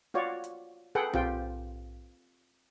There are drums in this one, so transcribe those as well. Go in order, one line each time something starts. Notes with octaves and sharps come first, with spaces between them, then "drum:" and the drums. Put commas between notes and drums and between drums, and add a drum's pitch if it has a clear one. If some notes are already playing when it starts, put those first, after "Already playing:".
F4 F#4 C#5 D5
drum: hi-hat
G#4 A4 B4 F#5 G5
C4 F4 G4 G5, drum: tom B1